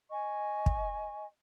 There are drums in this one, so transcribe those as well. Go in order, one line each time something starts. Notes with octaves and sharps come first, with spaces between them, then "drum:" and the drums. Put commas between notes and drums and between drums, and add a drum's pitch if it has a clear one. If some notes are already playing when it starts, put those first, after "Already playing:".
D#5 G#5 C#6
drum: kick